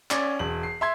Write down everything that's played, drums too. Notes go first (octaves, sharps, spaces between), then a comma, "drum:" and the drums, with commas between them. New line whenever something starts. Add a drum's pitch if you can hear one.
C#4 D5, drum: clap
E1 F#7
C7
E5 C6 G#6